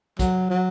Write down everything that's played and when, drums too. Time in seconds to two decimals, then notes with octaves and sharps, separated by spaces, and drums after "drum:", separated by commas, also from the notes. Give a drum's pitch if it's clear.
0.19 F#3, drum: kick, hi-hat
0.50 F#3